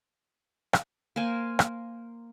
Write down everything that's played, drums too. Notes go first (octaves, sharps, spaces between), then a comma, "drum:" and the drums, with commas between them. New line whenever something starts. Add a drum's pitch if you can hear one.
drum: rim click
A#3 C5 F5 G#5
drum: rim click